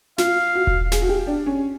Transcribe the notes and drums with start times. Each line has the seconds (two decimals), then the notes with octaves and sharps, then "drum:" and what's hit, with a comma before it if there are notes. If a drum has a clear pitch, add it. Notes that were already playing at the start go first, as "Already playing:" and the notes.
0.18 F4 F5, drum: snare
0.55 F#4
0.67 drum: kick E1
0.92 G#4, drum: snare
1.02 F#4
1.09 G4
1.27 D4
1.46 C#4